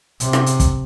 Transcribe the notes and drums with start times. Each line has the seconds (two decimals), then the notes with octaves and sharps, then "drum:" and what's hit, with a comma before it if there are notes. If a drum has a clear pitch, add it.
0.20 C3, drum: hi-hat
0.33 drum: rim click
0.46 drum: hi-hat
0.60 drum: kick, hi-hat